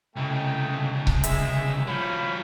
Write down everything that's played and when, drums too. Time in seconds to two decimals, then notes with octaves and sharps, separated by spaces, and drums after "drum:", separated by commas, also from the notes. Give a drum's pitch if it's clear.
0.16 C2 C#3 A3 D#5 G5
1.07 drum: kick C#1
1.24 G#3 G#4 E5, drum: hi-hat
1.87 F3 G3 C#5 F5 B5